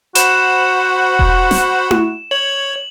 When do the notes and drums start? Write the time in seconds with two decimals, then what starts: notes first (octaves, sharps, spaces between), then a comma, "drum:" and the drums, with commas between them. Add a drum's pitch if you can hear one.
0.15 F#4 C5 F#5 B5 E7, drum: hi-hat
1.19 drum: kick E1
1.51 drum: snare
1.91 drum: tom E4
2.31 C#5 F#7